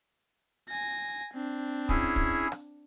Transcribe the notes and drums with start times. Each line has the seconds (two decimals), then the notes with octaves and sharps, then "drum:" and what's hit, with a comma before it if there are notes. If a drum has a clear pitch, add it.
0.69 G#5 A#6
1.34 C4 D4
1.89 C#4 E4 G#4, drum: kick
2.16 drum: kick
2.52 drum: rim click